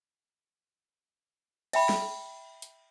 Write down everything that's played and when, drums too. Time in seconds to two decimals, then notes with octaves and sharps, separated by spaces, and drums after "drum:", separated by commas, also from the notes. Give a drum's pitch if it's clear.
1.73 E5 G5 B5, drum: cymbal
1.89 drum: snare
2.62 drum: hi-hat